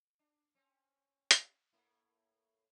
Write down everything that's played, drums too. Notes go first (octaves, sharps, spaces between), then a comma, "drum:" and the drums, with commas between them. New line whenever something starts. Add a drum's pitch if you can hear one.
D4
C4 C#4
drum: hi-hat
A2 A#3 E4